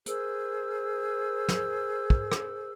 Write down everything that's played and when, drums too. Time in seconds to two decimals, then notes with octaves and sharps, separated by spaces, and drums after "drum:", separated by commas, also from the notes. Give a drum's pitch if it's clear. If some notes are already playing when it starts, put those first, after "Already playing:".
0.06 G#4 A#4 C5 E6, drum: hi-hat
1.49 drum: snare
2.10 drum: kick
2.32 drum: rim click